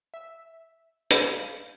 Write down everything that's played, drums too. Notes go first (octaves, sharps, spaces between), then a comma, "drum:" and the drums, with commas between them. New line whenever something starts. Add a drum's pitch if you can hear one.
E5
F5, drum: hi-hat